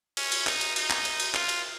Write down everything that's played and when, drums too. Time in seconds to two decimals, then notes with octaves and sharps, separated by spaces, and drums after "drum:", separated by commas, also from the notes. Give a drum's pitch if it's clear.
0.17 C#4, drum: cymbal
0.32 drum: cymbal
0.47 D#4, drum: clap
0.61 drum: cymbal
0.76 D#4, drum: cymbal
0.90 drum: clap
1.05 drum: cymbal
1.20 drum: cymbal
1.35 F4, drum: clap
1.49 drum: cymbal